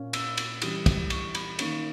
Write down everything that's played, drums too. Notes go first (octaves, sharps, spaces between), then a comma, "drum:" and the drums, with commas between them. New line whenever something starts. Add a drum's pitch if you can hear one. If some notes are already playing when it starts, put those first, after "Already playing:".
Already playing: A#2 A#3 C#4
E6, drum: cymbal
drum: cymbal
E3 G3 C#4 D#6, drum: cymbal
drum: kick, cymbal
C#6, drum: cymbal
B5, drum: cymbal
D#3 A#3 C#4 C#6, drum: cymbal